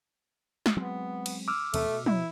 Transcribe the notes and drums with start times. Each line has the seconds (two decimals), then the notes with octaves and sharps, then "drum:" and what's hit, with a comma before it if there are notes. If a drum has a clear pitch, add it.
0.66 drum: snare
0.77 F#3 G#3 B3 C4
1.26 drum: cymbal
1.48 D6 E6 F6
1.74 E2 C3 A3, drum: cymbal
1.86 B2
2.06 E4, drum: tom